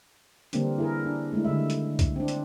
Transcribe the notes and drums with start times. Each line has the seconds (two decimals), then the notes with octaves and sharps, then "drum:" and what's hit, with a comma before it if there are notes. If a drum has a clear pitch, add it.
0.53 D3 E3 G3 A#3 C4 D4, drum: hi-hat
0.78 E4 G#4 A#4
1.05 D4
1.33 G#3 A3 E4
1.44 D3 D#3 G3 E5
1.70 drum: hi-hat
1.99 drum: kick C2, hi-hat
2.16 C4 D4
2.28 drum: hi-hat